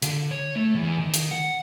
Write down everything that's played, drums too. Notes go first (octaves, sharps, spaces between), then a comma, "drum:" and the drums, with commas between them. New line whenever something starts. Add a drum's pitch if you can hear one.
D3, drum: hi-hat
C#5
A3
E2
D#3
drum: hi-hat
F#5